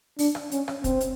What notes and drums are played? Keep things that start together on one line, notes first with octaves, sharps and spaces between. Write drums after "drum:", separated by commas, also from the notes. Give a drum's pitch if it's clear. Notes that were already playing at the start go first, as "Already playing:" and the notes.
D4, drum: open hi-hat
drum: rim click
C#4, drum: hi-hat
drum: rim click
C4, drum: kick, hi-hat
drum: hi-hat